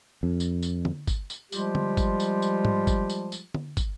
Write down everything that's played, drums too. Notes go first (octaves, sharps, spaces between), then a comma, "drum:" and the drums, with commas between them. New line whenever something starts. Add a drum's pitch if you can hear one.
F2
drum: tambourine
drum: tambourine
drum: tom D3
drum: kick, tambourine
drum: tambourine
F3 G3 G#3 F4 G4, drum: tambourine
drum: tom D3
drum: kick, tambourine
drum: tambourine
drum: tambourine
drum: tom
drum: kick, tambourine
drum: tambourine
drum: tambourine
drum: tom D3
drum: kick, tambourine